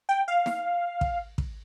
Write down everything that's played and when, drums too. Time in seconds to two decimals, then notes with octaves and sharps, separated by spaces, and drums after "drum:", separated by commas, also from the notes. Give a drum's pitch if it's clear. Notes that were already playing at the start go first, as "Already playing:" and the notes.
0.09 G5
0.28 F5
0.46 drum: snare
1.01 drum: kick
1.38 drum: kick